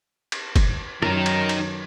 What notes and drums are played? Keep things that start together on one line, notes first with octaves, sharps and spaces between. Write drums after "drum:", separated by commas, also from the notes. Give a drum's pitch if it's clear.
drum: cymbal
drum: kick, cymbal
F#2 D#3 D#4 A#4, drum: rim click
drum: cymbal
drum: cymbal